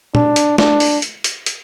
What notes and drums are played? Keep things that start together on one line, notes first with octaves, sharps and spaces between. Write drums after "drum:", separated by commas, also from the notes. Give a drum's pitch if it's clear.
D4, drum: tom
drum: hi-hat
D4, drum: snare
drum: open hi-hat
drum: hi-hat
drum: hi-hat
drum: hi-hat